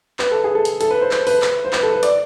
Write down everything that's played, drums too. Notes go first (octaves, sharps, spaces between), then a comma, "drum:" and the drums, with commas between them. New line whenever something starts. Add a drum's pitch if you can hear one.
B4, drum: clap
A4
G#4
A4
drum: hi-hat
A4, drum: hi-hat
B4
C5
C5, drum: clap
B4, drum: open hi-hat
drum: clap
C5
B4, drum: clap
A4
B4
D5, drum: hi-hat